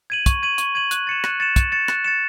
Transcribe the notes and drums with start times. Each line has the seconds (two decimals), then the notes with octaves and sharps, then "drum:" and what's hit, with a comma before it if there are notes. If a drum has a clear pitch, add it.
0.10 G#6 D#7 F#7
0.26 C#6, drum: kick, hi-hat
0.43 G#6 D#7 F#7
0.58 C#6, drum: hi-hat
0.75 G#6 D#7 F#7
0.91 F#6, drum: hi-hat
1.07 A6 C#7 E7
1.24 F#6, drum: rim click
1.40 A6 C#7 E7
1.56 F#6, drum: kick, hi-hat
1.72 A6 C#7 E7
1.88 F#6, drum: rim click
2.05 A6 C#7 E7